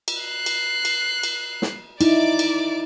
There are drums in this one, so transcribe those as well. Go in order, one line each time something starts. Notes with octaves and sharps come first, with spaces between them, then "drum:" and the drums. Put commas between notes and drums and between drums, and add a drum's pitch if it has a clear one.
drum: cymbal
F#6 C7
drum: cymbal
drum: cymbal
drum: cymbal
drum: snare
D#4 E4 D5 D6, drum: cymbal
drum: cymbal